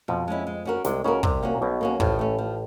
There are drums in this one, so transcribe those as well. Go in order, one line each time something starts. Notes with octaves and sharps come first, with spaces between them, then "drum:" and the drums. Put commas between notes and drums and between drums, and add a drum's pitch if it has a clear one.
F2 B2 F3
G#3 C#4 E4
G#3
C#4 F#4 A#4
C2 C3 G#3, drum: snare
C#2 C#3 C#4 F#4 A#4
C2 C3 G3, drum: kick
A#3 C#4 F#4
A#2
B1 B2 G3
A#3 C#4 F#4
A1 A2 F3, drum: kick
A3 C#4
F3